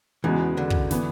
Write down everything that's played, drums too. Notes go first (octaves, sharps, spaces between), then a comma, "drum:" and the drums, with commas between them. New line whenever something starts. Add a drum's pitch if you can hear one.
E2 C#3 E3 G#3 B3 F#4
D3
drum: kick
E3 B3, drum: snare